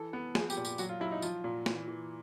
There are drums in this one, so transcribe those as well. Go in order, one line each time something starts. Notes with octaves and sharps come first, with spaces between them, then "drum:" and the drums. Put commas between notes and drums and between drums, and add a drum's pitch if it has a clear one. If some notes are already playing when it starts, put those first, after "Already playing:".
Already playing: E3 A4
B3
F3 G#4, drum: snare
G4, drum: tambourine
A#2
G4, drum: tambourine
F#3 F#4, drum: tambourine
F4
F#3 E4
D#4
F3 F4, drum: tambourine
A#2
E3, drum: snare
E3